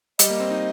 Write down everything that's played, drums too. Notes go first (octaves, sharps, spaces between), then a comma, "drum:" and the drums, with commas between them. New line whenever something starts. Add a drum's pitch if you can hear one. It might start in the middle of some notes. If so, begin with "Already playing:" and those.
G3 D#5, drum: hi-hat
A#3
C4
D#4